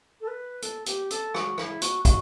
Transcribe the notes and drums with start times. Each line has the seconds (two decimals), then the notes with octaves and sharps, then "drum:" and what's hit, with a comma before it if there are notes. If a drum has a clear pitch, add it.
0.21 A4
0.27 B4
0.62 A4, drum: hi-hat
0.86 G4, drum: hi-hat
1.11 A4, drum: hi-hat
1.34 F#4, drum: rim click
1.58 E4, drum: rim click
1.82 F#4, drum: hi-hat
2.05 F#4, drum: kick, hi-hat